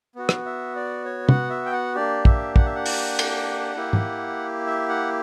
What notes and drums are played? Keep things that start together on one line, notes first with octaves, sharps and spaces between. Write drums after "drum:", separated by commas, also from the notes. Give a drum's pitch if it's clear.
B3 F#4
drum: rim click
E5
D5
C#5
F#5, drum: tom
E5
G5
F#5
A#3 D4 G4 D5
E5, drum: kick
F#5, drum: kick
E5
F#5
drum: open hi-hat
drum: cymbal
A#3 E4 G4
drum: tom
E5
F#5